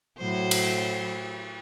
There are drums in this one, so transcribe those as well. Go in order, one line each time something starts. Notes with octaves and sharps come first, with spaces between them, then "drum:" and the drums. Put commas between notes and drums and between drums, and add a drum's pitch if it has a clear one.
A2 F#3 C5
drum: cymbal